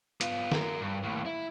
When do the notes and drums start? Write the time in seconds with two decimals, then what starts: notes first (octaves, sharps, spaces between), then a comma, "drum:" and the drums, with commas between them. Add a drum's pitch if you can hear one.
0.21 B3 F4, drum: hi-hat
0.52 F#4 A#4, drum: snare
0.81 G2
1.03 D#2 A2
1.25 E4